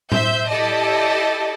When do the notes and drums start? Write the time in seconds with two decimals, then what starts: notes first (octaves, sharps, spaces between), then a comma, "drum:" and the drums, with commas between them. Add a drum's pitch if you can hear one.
0.12 C5 E5 G6, drum: tom A2
0.49 E4 G4 A4 D5 D#5 A5